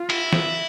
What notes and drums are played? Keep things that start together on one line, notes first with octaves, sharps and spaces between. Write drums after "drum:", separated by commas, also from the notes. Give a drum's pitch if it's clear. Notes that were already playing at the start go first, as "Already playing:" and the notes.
Already playing: F4
E4, drum: cymbal
drum: snare